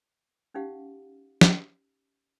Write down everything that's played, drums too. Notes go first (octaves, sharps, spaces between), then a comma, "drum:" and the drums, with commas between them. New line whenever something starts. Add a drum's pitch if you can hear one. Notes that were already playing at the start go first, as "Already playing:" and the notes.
C#4 D#4 G4 F5 F#5
drum: snare